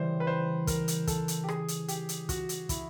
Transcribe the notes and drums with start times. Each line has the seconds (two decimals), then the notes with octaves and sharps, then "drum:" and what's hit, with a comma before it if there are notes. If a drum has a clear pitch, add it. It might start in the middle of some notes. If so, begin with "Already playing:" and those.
Already playing: C#3 E3 G3 C5
0.20 B4
0.27 C5
0.67 A#4, drum: kick, hi-hat
0.88 drum: hi-hat
1.07 A4, drum: kick, hi-hat
1.28 drum: hi-hat
1.44 G4
1.48 G#4, drum: rim click
1.68 drum: hi-hat
1.88 G4, drum: hi-hat
2.09 drum: hi-hat
2.29 F#4, drum: kick, hi-hat
2.49 drum: hi-hat
2.69 E4, drum: kick, hi-hat